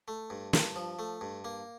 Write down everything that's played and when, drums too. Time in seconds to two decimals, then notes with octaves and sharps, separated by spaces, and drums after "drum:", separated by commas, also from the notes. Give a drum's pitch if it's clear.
0.08 A3
0.30 G2
0.53 G2, drum: snare
0.76 F3
0.99 A3
1.21 G2
1.45 A#3